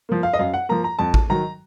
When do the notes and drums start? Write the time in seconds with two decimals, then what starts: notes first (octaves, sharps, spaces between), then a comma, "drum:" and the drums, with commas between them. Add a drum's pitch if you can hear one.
0.09 F3 A#3
0.23 F5
0.33 D#5
0.39 F#2 F5
0.54 F#5
0.69 F3 A#3 A#5
0.84 A#5
0.99 F2 A5
1.14 drum: kick A1
1.30 D#3 F#3 A#5